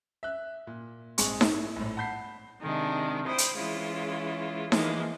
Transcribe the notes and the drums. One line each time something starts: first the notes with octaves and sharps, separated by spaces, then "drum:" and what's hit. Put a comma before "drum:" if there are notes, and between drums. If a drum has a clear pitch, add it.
E5 F#6
A#2
A#1 G#2 G#3 C4 G#4 C#6, drum: hi-hat
drum: snare D#4
E4
A#1 A2
F#5 A5 B5 G6 B6 C7
C3 D#3 G#3 D4
E4 C5 G5 D#6
drum: hi-hat
E3 G#3 C#4 E4 F4
E3 F3 G#3 A#3 G#4, drum: snare D#4